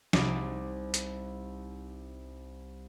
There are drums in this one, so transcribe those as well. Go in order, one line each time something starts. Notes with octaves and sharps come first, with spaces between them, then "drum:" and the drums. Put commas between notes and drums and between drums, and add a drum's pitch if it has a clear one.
C2 D#4 D6, drum: snare
drum: hi-hat